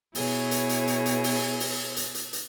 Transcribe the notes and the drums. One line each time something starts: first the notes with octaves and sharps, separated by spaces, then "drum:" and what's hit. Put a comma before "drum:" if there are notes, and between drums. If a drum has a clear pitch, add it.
B2 E4 G#4 C#5, drum: open hi-hat
drum: hi-hat
drum: hi-hat
drum: hi-hat
drum: hi-hat
drum: open hi-hat
drum: open hi-hat
drum: hi-hat
drum: hi-hat
drum: hi-hat